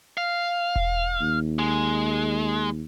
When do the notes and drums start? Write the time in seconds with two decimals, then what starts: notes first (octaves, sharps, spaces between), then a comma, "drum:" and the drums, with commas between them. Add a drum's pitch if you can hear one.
0.17 F5
0.76 drum: kick E1
1.21 D#2
1.59 G#3